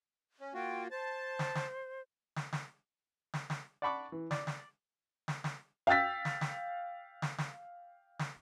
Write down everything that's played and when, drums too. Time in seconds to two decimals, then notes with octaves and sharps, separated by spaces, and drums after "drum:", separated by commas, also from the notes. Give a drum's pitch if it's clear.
0.41 C#4
0.54 A#3 F4 F#4 G5
0.91 C5 A5
1.39 drum: snare
1.55 drum: snare
2.36 drum: snare
2.53 drum: snare
3.34 drum: snare
3.50 drum: snare
3.82 D5 F#5 A5 B5 C#6 D6
4.12 E3
4.31 D5, drum: snare
4.47 drum: snare
5.28 drum: snare
5.44 drum: snare
5.87 F5 G5 E6 A6 B6
6.25 drum: snare
6.41 drum: snare
7.22 drum: snare
7.38 drum: snare
8.19 drum: snare